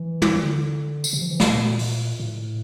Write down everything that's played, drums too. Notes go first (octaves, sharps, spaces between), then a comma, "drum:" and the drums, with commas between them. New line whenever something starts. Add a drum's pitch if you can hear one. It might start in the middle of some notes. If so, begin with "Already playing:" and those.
Already playing: E3
drum: tom
E3
D3
drum: tambourine
C3
F3
E3
C3, drum: snare
A#2
drum: open hi-hat
A2